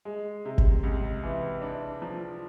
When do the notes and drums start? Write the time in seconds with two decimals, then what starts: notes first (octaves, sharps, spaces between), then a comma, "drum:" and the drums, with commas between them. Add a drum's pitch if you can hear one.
0.05 G#3
0.45 C3
0.58 drum: kick G1
0.83 C#2
1.23 E3
1.62 D4
2.02 F3